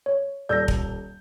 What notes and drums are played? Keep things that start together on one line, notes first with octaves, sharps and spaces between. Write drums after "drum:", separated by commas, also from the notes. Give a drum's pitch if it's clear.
C#5
D#1 A4 D5 E6 G6 A#6
drum: kick